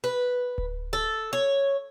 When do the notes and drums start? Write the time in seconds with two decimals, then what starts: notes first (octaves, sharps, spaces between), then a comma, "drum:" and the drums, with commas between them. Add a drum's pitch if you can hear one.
0.04 B4
0.58 drum: kick D1
0.93 A4
1.33 C#5